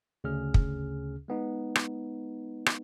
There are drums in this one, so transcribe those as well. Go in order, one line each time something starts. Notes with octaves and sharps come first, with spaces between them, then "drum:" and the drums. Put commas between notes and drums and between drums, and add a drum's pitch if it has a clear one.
D2 C#3 C#4 G#4 F6
drum: kick
G#3 B3 D#4
drum: rim click
drum: rim click